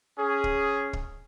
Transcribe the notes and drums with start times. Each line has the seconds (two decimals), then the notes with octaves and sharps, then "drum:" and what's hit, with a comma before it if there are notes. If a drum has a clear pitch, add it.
0.19 C#4 G#4
0.44 drum: kick
0.93 drum: kick